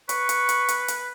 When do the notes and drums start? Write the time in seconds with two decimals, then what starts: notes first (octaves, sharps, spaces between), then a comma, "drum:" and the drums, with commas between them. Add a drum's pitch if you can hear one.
0.09 B4 C#6, drum: hi-hat
0.29 drum: hi-hat
0.49 drum: hi-hat
0.69 drum: hi-hat
0.88 drum: hi-hat